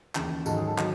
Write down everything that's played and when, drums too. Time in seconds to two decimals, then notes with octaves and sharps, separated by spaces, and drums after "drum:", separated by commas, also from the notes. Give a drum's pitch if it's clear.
0.15 D#2 C#3 E3, drum: clap
0.46 G#2 D#3 F#3 A4, drum: tambourine
0.57 G#4
0.67 A4
0.78 D#3 F#3, drum: clap